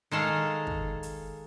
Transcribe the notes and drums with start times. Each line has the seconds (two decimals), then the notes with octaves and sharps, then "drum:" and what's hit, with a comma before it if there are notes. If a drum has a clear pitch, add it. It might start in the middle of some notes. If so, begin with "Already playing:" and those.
0.11 D#3 G#3 A4 F5
0.67 drum: kick
1.03 drum: hi-hat